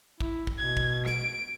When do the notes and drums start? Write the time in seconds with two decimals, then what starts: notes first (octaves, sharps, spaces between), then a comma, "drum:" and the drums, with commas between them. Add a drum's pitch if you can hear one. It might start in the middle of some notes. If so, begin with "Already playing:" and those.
0.20 E4, drum: kick
0.47 drum: kick
0.58 B2 G#6
0.77 drum: kick
1.06 D7, drum: snare